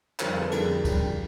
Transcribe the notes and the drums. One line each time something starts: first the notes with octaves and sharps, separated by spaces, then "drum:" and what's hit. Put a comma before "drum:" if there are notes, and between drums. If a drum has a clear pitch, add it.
F2 D3 G3 A#4 C5, drum: clap
A4 B4
F2 D3 G3 G#4 A#4, drum: cymbal
F2 D3 G3, drum: kick, cymbal